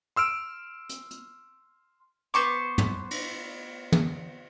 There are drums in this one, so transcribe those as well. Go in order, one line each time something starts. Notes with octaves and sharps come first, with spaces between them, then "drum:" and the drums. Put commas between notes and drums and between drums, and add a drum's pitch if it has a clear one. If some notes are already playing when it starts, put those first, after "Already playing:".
C6 E6 F6 D7
drum: hi-hat
drum: hi-hat
B3 C5 C#6 D6
drum: tom
drum: cymbal
drum: tom